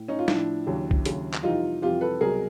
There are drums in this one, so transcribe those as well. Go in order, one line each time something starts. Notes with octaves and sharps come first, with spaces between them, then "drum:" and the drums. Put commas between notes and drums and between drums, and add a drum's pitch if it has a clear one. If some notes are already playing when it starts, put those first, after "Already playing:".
Already playing: A2
C#4 D#4
F4
A2 F3 D4 E4, drum: snare
D#2 C#3 F#3
drum: kick C2
D#2 C#3 F#3, drum: hi-hat
drum: clap
F2 C3 E3 G3 D#4 F4
F2 C3 E3 G3 F4 G4
A4 B4
C2 B2 F#3 G#4 A#4